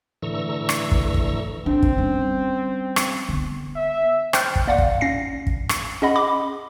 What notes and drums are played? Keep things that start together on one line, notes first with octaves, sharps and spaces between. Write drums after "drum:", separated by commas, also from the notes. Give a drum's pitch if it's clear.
A2 D3 E3 A#5 C#6 E6
drum: rim click
drum: kick
drum: kick
C4 D4
drum: kick
G3 C#4
drum: rim click
D3 B3
E5
C5 G5 C6 F6 F#6 A6, drum: rim click
drum: kick
A#3 D5 F5 F#5
drum: kick
C#4 A#6 C7
drum: kick
drum: rim click
C#4 G#4 D#5 F#5 B5
B5 D6